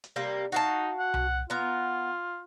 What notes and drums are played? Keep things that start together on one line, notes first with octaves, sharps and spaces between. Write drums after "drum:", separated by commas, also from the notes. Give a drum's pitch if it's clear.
drum: hi-hat
C3 G3 A#3
D#4 F#4 F5 A5
F#5
drum: tom C2
B3 F4 A#5